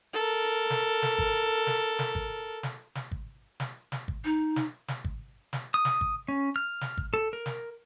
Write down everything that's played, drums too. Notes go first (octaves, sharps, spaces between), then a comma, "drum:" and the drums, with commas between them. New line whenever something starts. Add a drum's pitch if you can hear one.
A4 A#4
drum: snare
drum: snare
drum: kick
drum: snare
drum: snare
drum: kick
drum: snare
drum: snare
drum: kick
drum: snare
drum: snare
drum: kick
D#4
drum: snare
drum: snare
drum: kick
drum: snare
D#6
drum: snare
drum: kick
C#4
F6
drum: snare
drum: kick
A4
A#4
drum: snare